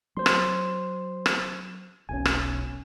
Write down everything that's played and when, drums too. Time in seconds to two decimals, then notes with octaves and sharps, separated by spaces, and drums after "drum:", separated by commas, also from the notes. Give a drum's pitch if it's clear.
0.17 F#3 C5 C6
0.26 drum: rim click
1.26 drum: rim click
2.09 E1 B1 C#4 G#5
2.25 drum: rim click